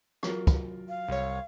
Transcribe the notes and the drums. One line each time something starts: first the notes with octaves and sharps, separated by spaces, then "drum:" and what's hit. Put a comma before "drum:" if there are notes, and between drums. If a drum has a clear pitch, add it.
F#3 F4 A#4, drum: rim click
drum: kick, hi-hat
F5
C2 C#5